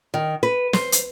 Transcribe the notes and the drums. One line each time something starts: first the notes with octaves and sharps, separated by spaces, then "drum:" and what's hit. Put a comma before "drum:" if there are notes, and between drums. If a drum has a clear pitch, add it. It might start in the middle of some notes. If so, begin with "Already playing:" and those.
D#3
B4
C5, drum: snare
drum: hi-hat